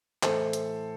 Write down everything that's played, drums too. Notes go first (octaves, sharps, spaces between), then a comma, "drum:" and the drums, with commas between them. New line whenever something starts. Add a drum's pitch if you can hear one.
A2 E3 A4 C5, drum: clap
drum: hi-hat